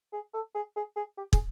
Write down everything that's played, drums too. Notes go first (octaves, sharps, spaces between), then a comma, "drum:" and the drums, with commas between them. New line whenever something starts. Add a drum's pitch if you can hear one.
G#4
A4
G#4
G#4
G#4
G4
G#4, drum: kick